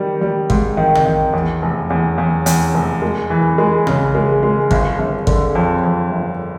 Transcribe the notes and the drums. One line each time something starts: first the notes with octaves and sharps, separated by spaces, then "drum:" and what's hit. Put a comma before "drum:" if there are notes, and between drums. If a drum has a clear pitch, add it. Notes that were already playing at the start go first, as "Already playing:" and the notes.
Already playing: D#3 G3
G3
G#2, drum: kick
D#3
drum: tom A#1
D#3
E2
F1
E2
E2
E2, drum: hi-hat
F1
G#3
E3
G#3
C#3, drum: tom A#1
G#3
G#3
G1, drum: kick
G1
D3, drum: kick
F2
F2
G1